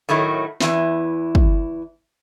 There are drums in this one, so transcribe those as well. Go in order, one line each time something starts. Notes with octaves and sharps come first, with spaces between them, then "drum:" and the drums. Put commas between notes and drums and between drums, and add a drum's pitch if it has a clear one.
A2 D#3 F#3 A3
E2 E3, drum: snare
drum: kick